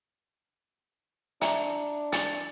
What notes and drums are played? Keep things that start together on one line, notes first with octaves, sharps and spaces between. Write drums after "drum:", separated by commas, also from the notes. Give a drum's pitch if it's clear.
D4 E5 A#5, drum: hi-hat
A6, drum: hi-hat